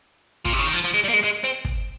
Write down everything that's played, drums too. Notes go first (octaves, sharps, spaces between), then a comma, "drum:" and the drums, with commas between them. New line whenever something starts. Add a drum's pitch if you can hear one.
A#2, drum: kick
C3
C#3
D#3
F3
F3
G#3
G3
A#3
G#3
G#3
C4
drum: kick